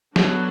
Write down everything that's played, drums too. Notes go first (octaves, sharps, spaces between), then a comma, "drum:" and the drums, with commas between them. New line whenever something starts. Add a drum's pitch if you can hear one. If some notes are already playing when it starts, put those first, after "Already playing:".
F#3 B3 D4 F#4 A4, drum: snare